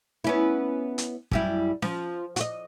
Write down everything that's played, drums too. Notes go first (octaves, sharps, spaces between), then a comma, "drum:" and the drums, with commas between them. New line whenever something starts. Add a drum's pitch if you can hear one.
B3 C#4 E4
drum: hi-hat
F#2 G3 E4, drum: kick
F3, drum: snare C#4
F#4 D#5, drum: hi-hat